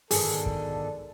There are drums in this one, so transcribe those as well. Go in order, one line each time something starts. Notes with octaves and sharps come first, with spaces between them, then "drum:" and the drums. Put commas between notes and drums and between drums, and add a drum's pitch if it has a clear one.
G#2 B2 D3 D#3 G#4 A4, drum: open hi-hat
drum: kick